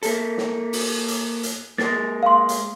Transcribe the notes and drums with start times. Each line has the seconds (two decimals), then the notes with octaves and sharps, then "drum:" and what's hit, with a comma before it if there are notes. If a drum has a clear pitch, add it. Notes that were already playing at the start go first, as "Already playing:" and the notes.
0.03 A#3 A4, drum: hi-hat
0.38 drum: snare
0.73 drum: open hi-hat
1.08 drum: hi-hat
1.43 drum: hi-hat
1.78 G#3 A#3 A6, drum: snare
2.23 F5 C6
2.49 drum: hi-hat